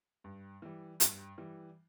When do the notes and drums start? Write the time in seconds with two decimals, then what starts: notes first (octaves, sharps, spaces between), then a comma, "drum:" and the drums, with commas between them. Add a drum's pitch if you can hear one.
0.24 G2
0.62 E3 G3
1.00 G2, drum: hi-hat
1.38 E3 G3